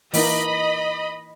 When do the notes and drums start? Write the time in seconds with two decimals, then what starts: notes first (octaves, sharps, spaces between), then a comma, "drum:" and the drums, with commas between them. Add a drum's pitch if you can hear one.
0.14 E3 A#3 D#4 D#5 B5, drum: open hi-hat